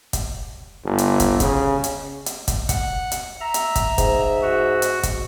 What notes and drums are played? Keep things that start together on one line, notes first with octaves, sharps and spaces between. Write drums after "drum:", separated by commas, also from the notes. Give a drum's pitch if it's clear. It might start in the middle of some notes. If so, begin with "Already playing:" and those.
drum: kick, hi-hat
G1
drum: hi-hat
drum: kick, hi-hat
C#3, drum: kick, hi-hat
drum: hi-hat
drum: hi-hat
drum: kick, hi-hat
F#5, drum: kick, hi-hat
drum: hi-hat
E5 A#5
drum: hi-hat
drum: kick, hi-hat
G#2, drum: kick, hi-hat
F#4
drum: hi-hat
drum: kick, hi-hat